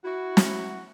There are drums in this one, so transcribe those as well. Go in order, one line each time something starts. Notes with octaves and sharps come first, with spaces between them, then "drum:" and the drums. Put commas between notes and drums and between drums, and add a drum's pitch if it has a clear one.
E4 F#4
drum: snare